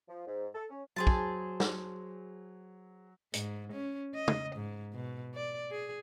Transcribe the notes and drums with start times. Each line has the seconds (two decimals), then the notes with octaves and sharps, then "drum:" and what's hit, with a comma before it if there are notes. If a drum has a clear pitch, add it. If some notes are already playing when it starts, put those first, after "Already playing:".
0.09 F3
0.27 G#2
0.55 A4
0.70 C#4
0.96 F#3 G#4 C5 A5
1.07 drum: kick
1.60 drum: snare
3.34 G#2, drum: hi-hat
3.72 C#4
4.15 D#5
4.28 drum: tom
4.56 G#2
4.93 B2
5.35 D5
5.71 G#4